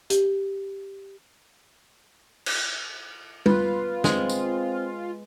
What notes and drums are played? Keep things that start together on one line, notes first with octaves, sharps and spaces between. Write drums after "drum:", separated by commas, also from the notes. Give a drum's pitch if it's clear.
G4, drum: hi-hat
drum: cymbal
F4 B4, drum: tom G3
G#3 C4, drum: snare
drum: tambourine